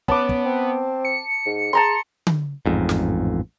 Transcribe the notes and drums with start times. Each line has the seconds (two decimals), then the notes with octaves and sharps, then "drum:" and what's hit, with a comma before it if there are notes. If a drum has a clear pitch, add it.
0.08 B3 C#4 A5 D6, drum: kick
0.29 drum: kick
0.45 C4
1.05 C#7
1.46 G#2
1.73 G#4 A5 A#5 C6
2.27 drum: tom D3
2.66 A1 F2 G#2
2.89 drum: snare